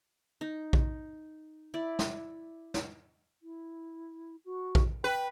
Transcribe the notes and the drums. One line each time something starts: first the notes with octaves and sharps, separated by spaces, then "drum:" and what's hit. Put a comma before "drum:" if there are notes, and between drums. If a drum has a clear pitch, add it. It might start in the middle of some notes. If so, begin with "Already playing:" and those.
D#4
drum: kick A#1
E4 D5
drum: snare
drum: snare
E4
F#4
drum: kick A#1
B4 G5